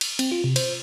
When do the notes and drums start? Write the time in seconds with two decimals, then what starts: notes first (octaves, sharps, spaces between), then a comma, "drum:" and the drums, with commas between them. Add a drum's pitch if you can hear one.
0.01 drum: cymbal
0.19 C4, drum: cymbal
0.32 F4
0.44 C3
0.56 C5, drum: cymbal